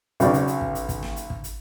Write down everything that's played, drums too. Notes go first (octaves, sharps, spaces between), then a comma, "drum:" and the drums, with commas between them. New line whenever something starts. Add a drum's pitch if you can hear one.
B1 C#3 F#4 D5, drum: hi-hat
drum: hi-hat
drum: hi-hat
drum: kick
drum: hi-hat
drum: kick, hi-hat
drum: snare
drum: hi-hat
drum: kick
drum: hi-hat